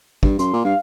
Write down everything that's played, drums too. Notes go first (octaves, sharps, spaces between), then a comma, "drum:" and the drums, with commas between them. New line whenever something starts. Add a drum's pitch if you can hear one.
G2, drum: kick
F#2 C6, drum: hi-hat
A#2
G2 F5